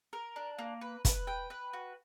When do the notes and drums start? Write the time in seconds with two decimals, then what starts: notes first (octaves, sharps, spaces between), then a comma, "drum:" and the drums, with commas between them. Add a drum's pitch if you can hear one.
0.13 A#4
0.36 D4
0.59 A#3
0.81 B4
1.05 B4, drum: kick, hi-hat
1.27 G5
1.50 B4
1.73 F#4